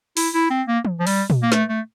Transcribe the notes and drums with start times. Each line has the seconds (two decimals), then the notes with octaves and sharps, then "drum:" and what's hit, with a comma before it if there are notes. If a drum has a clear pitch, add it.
0.17 E4, drum: open hi-hat
0.34 E4
0.50 C4
0.67 A#3
0.85 drum: tom E3
1.00 F3
1.07 G3, drum: open hi-hat
1.30 drum: tom A#2
1.43 A#3
1.52 A3, drum: snare
1.69 A3